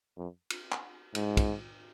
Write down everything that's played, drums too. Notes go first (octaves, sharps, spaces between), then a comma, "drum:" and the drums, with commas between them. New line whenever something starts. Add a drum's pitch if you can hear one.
F2
drum: cymbal
drum: clap
G#2, drum: cymbal
drum: kick, cymbal